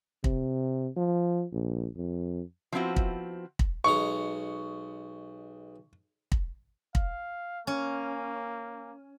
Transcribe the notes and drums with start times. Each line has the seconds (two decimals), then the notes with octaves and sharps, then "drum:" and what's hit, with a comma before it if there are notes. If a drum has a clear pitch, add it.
0.24 C3, drum: kick
0.97 F3
1.53 A#1
1.96 F2
2.72 F3 F#3 B3 C4 E4 F#4
2.96 drum: kick
3.59 drum: kick
3.84 B1 G#3 A#5 C#6
6.32 drum: kick
6.95 F5, drum: kick
7.67 A#3 C#4